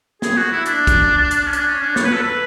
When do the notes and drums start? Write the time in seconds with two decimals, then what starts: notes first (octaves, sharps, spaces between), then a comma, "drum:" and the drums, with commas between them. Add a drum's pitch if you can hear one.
0.22 G#4, drum: snare
0.37 F#4
0.52 E4
0.66 D4, drum: hi-hat
0.87 drum: kick, hi-hat
1.31 drum: hi-hat
1.46 C#4
1.53 D4, drum: hi-hat
1.68 C#4
1.81 D4
1.96 C#5, drum: snare
2.05 B4
2.13 A4
2.21 B4